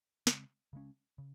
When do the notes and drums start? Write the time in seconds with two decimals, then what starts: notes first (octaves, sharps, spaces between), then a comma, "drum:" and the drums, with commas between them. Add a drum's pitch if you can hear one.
0.27 C#3 G#3 C4, drum: snare
0.73 C#3 G#3 C#4
1.18 C#3